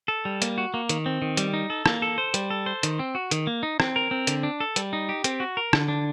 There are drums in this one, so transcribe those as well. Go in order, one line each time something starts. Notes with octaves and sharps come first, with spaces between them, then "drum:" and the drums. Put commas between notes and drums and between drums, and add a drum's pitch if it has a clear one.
A4
G3
A#3, drum: hi-hat
F#4
A#3
D#3, drum: hi-hat
C4
D#3
G3, drum: hi-hat
D#4
A4
A#3, drum: rim click
A4
C5
G3, drum: hi-hat
A4
C5
D#3, drum: hi-hat
C4
F#4
D#3, drum: hi-hat
A#3
D#4
C4, drum: rim click
A#4
C4
D3, drum: hi-hat
D4
A4
G3, drum: hi-hat
D#4
G4
C4, drum: hi-hat
F#4
A#4
D3, drum: rim click
D4